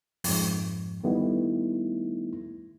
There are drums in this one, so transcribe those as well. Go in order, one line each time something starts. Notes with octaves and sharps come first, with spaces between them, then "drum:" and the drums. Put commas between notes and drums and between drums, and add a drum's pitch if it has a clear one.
F2 G#2, drum: open hi-hat
D#3 G3 A3 B3 D#4 E4